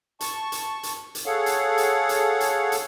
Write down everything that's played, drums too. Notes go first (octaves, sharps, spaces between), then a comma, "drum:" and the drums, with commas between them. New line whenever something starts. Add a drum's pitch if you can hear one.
A5 C#6, drum: hi-hat
drum: hi-hat
drum: hi-hat
drum: hi-hat
G#4 A4 C#5 F5 F#5
drum: hi-hat
drum: hi-hat
drum: hi-hat
drum: hi-hat
drum: hi-hat